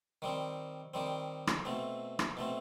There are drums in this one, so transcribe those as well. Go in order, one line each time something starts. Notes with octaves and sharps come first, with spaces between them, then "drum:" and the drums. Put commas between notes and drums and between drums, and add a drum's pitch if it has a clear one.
D#3 G3 C4
D#3 G3 C4
drum: rim click
B2 A3 C4
drum: rim click
B2 A3 C4